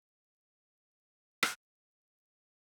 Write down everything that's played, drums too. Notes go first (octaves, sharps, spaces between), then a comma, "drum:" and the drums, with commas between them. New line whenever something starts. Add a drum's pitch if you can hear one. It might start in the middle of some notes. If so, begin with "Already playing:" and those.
E2 D#3 A4 A#4 D#5 E5
drum: rim click